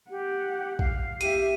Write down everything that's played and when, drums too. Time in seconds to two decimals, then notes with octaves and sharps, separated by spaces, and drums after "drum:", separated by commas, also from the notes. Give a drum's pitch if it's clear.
0.10 G4 F#5
0.79 F5, drum: kick
1.21 G4 E5 D#7, drum: hi-hat